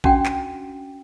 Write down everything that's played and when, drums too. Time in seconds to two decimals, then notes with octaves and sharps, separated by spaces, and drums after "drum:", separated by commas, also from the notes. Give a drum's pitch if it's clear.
0.04 C#4 D4 F#4 F#5 G5, drum: kick
0.26 drum: clap